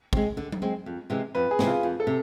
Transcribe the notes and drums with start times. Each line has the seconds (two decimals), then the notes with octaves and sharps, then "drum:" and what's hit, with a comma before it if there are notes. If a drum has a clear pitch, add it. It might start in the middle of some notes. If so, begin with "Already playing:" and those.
0.13 G#3 C4, drum: kick
0.37 D3
0.52 drum: tom F#3
0.62 G#3 C4
0.86 F2
1.10 C3 E3 G#3 C4
1.35 F2 B4
1.51 G#4
1.59 C3 E3 G#3 C4, drum: snare
1.67 F4
1.83 F2
2.00 A4
2.07 C3